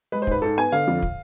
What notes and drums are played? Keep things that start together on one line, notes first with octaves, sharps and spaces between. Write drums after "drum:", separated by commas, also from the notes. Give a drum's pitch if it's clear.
G#3 B4
C5
G#2 B4, drum: kick
G#2 A4
B3 G#5
D3 F5
F2
drum: kick